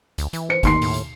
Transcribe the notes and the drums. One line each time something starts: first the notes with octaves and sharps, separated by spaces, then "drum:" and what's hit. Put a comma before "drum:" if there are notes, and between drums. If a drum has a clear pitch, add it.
D2, drum: hi-hat
E3, drum: hi-hat
C5 C#7
G1 D#2 C6 C7, drum: kick, hi-hat
A2, drum: open hi-hat
drum: hi-hat